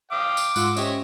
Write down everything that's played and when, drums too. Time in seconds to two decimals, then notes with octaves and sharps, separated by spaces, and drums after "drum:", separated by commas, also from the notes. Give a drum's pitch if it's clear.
0.11 F5 G5 D6 D#6
0.37 drum: tambourine
0.56 G#2 F4 F#5 C6 E6, drum: tambourine
0.77 C#4 G4 C5 C#5 D#5 E5, drum: tambourine